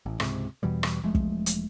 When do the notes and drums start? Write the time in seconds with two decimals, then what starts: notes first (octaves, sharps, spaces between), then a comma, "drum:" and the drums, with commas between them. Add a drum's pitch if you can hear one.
0.06 A1
0.20 C#2 G#2 C3, drum: rim click
0.63 E2 B2 E3 G3
0.83 drum: rim click
1.04 E1 F3 G#3 A3
1.15 drum: kick
1.46 drum: hi-hat